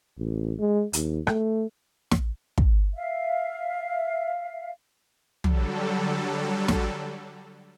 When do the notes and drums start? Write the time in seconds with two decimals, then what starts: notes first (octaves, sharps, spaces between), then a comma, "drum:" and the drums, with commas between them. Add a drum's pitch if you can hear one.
0.18 A1
0.59 G#3
0.93 D#2, drum: hi-hat
1.27 A3, drum: rim click
2.11 drum: snare
2.58 drum: kick
2.95 E5 F5
5.44 D3 F#3 G3 A4, drum: tom
6.68 drum: snare